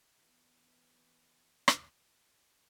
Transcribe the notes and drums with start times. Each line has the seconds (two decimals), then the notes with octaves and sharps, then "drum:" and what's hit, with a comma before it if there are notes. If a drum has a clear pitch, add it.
0.18 E3 B3
1.68 drum: rim click